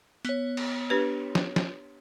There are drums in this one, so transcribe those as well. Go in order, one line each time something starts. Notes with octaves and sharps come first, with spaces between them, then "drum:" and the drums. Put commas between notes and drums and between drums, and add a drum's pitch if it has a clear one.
B3 C#5, drum: hi-hat
drum: cymbal
D4 G4 B4
drum: snare
drum: snare